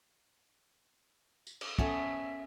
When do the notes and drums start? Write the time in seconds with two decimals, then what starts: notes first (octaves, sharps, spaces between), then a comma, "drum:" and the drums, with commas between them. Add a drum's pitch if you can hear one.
1.47 drum: tambourine
1.61 drum: cymbal
1.79 B3 C#4 A4 E5, drum: kick